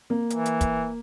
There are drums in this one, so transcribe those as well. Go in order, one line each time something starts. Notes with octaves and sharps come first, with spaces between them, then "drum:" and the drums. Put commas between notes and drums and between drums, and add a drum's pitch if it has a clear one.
A#3
E3, drum: hi-hat
drum: hi-hat
drum: kick, hi-hat